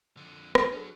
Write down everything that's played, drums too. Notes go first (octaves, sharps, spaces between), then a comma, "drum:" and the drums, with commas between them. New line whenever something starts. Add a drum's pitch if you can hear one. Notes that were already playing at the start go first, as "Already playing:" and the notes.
F2 D3
drum: rim click
F#3 C#4 D4 G#4 A4